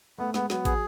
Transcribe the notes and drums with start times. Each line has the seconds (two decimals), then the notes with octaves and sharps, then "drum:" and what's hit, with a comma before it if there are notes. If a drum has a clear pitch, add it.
0.18 A3 B3
0.34 G#3 B3, drum: snare
0.50 F#3 B3, drum: snare
0.65 G#4, drum: kick, hi-hat